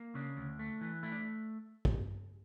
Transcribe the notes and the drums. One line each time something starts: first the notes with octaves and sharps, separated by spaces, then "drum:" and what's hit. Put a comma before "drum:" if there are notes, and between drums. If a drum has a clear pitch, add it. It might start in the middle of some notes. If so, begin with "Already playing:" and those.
Already playing: A#3
C#3 D4
D2
A3
E3
A3 E4
D4
drum: kick